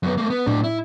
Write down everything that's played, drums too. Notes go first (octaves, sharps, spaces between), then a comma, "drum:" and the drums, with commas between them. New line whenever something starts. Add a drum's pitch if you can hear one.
F#2 B3
A3 A#3
B3
A2 D4, drum: tom A2
E4